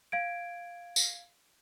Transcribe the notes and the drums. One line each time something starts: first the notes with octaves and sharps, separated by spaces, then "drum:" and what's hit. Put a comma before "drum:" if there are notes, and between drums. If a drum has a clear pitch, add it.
F5 G#6 D7
drum: tambourine